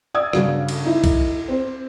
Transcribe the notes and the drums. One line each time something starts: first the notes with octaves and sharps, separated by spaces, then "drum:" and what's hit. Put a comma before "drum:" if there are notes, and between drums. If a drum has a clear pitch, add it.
D5 D#6 E6 G#6
G2 C#3 F#4, drum: rim click
drum: cymbal
D#4 E4
drum: kick, cymbal
C4 C5